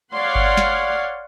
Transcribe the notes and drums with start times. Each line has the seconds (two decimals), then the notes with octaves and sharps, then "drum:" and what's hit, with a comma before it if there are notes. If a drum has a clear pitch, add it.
0.13 C#5 D5 F5 F#5 C6
0.35 drum: kick G1
0.57 drum: snare